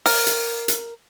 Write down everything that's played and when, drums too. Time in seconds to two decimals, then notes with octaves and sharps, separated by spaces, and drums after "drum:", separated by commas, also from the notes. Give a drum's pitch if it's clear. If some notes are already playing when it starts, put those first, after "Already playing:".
0.06 A#4, drum: open hi-hat
0.27 drum: hi-hat
0.68 drum: hi-hat